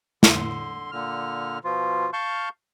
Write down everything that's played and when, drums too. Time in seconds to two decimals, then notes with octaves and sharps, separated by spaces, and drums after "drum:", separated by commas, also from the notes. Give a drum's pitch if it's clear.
0.23 D3 C6, drum: snare
0.92 A#2 D3 F6
1.64 B2 F3 F4
2.13 F5 A5 C#6 F6 G6